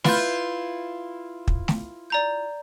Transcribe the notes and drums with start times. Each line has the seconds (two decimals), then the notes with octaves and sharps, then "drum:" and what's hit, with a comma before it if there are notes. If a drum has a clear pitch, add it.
0.04 E4 F4 B4 G6, drum: snare A3
1.48 drum: kick
1.68 drum: snare A3
2.10 D5 A#5 G6